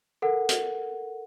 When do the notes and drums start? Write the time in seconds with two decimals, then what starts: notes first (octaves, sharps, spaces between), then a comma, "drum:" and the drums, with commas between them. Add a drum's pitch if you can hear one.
0.22 A4 A#4 F#5
0.49 drum: hi-hat